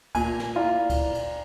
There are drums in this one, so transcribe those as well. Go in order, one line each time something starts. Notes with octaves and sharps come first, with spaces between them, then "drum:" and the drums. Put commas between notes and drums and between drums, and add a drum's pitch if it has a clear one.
A#2 G#5, drum: kick C#2, cymbal
drum: snare
E4 F4 D5 A#5
drum: kick C#2, cymbal
drum: cymbal